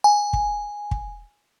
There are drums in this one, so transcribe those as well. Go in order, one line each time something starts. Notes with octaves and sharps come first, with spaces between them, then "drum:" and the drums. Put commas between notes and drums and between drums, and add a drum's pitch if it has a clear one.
G#5
drum: kick
drum: kick